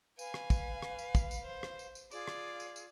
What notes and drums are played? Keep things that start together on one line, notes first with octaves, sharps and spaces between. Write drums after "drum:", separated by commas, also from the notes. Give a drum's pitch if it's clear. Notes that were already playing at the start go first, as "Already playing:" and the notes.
B4 F5 G#5, drum: tambourine
drum: rim click
drum: kick, tambourine
drum: rim click
drum: tambourine
drum: kick, tambourine
drum: tambourine
C5
drum: rim click
drum: tambourine
drum: tambourine
F4 G#4 D5, drum: tambourine
drum: rim click
drum: tambourine
drum: tambourine